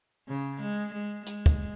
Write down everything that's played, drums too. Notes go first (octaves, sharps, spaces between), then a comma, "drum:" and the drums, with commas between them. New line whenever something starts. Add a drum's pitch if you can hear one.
C#3
G#3
G#3
G#3, drum: hi-hat
drum: kick